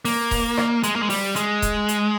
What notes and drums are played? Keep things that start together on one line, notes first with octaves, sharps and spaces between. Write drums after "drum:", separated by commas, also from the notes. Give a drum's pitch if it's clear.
A#3, drum: open hi-hat
drum: kick E1, open hi-hat
drum: rim click
G#3, drum: hi-hat
A#3
G#3
G3, drum: open hi-hat
G#3, drum: hi-hat
drum: kick E1, hi-hat
drum: hi-hat